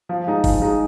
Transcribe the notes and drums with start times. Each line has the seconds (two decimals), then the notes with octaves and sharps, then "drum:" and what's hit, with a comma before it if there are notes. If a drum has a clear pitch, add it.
0.09 F3
0.27 G#3 D#4
0.44 F3, drum: kick F#1, open hi-hat
0.62 G#3 D#4